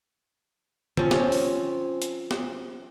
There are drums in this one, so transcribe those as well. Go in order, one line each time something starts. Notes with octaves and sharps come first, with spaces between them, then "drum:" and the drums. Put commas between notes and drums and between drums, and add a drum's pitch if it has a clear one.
F3 C4 C#4, drum: tom
C#5, drum: snare
drum: open hi-hat
drum: hi-hat
drum: snare